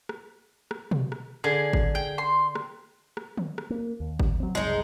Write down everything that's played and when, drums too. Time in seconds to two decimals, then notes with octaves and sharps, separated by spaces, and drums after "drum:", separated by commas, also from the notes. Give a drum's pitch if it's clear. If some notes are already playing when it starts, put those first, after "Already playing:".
0.09 drum: rim click
0.71 drum: rim click
0.91 drum: tom B2
1.12 drum: rim click
1.44 D3 G#4
1.73 drum: kick G1
1.95 G5
2.18 C6
2.55 drum: rim click
3.17 drum: rim click
3.37 drum: tom
3.58 drum: rim click
3.70 A#3
4.00 D#2
4.20 drum: kick G1
4.40 F#3 C4
4.55 F#1 C2 G#3 D#4